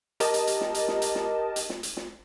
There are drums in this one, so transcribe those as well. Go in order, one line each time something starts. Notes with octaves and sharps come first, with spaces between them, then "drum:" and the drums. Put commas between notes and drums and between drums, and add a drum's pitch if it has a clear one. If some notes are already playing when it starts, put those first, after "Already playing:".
G4 A#4 D#5 A5, drum: hi-hat
drum: hi-hat
drum: hi-hat
drum: snare
drum: hi-hat
drum: snare
drum: hi-hat
drum: snare
drum: hi-hat
drum: snare
drum: hi-hat
drum: snare